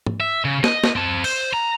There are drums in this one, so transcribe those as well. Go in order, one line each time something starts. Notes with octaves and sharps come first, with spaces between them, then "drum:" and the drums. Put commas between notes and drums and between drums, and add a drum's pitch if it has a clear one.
drum: tom G#2
E5
C#3
D#5, drum: snare
drum: snare
C4 A5
C5, drum: cymbal
A#5